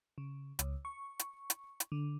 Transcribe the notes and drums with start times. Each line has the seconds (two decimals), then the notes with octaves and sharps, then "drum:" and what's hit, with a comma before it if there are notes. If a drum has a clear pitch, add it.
0.18 C#3
0.59 C#2, drum: hi-hat
0.85 C#6
1.19 drum: hi-hat
1.50 drum: hi-hat
1.80 drum: hi-hat
1.92 D3